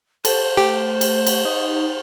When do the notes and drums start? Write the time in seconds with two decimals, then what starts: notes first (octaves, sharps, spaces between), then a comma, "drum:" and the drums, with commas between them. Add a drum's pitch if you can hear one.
0.25 A4 C5, drum: cymbal
0.57 A3 G4
1.01 drum: cymbal
1.27 drum: cymbal
1.45 D#4